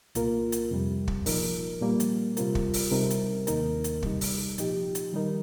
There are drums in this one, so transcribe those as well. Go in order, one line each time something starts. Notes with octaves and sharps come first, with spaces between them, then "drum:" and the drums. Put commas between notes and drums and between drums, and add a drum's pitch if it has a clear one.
C2 A#2 A#3 F4 A#4, drum: hi-hat
drum: hi-hat
F2 C3 G3
drum: kick
A#2 F3 D#4 A#4, drum: open hi-hat
A#2 G3 A#3
drum: hi-hat
C3 G3 C4 F4 A#4, drum: hi-hat
drum: kick
drum: open hi-hat
C3 G3 C4 D#4 A#4
drum: hi-hat
D#2 D#3 A#3 D#4 A#4, drum: hi-hat
drum: hi-hat
C3 G3 D#4, drum: kick
drum: open hi-hat
A#2 F3 D#4 G4, drum: hi-hat
drum: hi-hat
D#3 G3 D#4 A#4